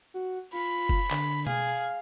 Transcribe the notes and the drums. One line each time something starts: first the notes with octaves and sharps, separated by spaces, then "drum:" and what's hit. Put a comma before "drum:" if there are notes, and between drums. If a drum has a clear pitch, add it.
F#4
F4 B5
drum: kick F#1
D3, drum: clap
G#4 F5, drum: tom B2